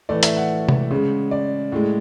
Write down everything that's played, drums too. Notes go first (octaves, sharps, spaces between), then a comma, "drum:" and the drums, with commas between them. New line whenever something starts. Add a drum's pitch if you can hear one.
A2 E3 A3 D5
E5, drum: hi-hat
F#5
drum: tom C3
C#3 G#3
D5
A2 G#3